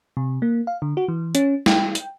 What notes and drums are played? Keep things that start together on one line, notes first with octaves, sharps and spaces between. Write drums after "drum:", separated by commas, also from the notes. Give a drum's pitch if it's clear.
C3
A#3
F5
D3
F#4
E3
C#4, drum: hi-hat
G5, drum: snare
drum: hi-hat